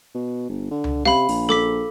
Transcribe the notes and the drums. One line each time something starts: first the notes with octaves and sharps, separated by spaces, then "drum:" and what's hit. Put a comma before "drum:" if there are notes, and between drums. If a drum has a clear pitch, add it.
B2
G1
D3
drum: tom C#2
C3 F5 B5, drum: snare C#4
A#1, drum: open hi-hat
A4 D6 B6, drum: snare C#4